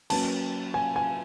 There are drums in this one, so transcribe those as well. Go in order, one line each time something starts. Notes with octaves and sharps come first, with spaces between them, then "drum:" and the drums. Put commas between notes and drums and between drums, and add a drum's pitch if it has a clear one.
F#3 A#3 C#4 F#4 B4 A5, drum: cymbal
G#5
G#5